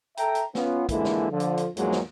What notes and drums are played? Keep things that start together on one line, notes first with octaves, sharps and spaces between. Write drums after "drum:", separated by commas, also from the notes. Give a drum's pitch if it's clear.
A4 E5 G5 A#5, drum: hi-hat
drum: hi-hat
B3 C#4 F4, drum: snare
F2 D3 E3 G#3 A#3 E4, drum: kick, hi-hat
drum: snare
D3 F3
drum: hi-hat
drum: hi-hat
E2 G#2 F3 F#3 G#3 A#3, drum: hi-hat
drum: snare